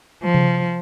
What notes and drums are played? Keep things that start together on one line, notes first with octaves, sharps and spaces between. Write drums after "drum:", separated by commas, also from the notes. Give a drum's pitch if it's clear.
F3
drum: tom C3